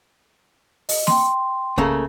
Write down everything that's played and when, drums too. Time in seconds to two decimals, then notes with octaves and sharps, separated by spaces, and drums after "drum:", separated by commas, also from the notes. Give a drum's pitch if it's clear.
0.89 D#5, drum: open hi-hat
1.07 G5 C6, drum: snare A#3
1.78 C#3 A3 A#3, drum: kick C2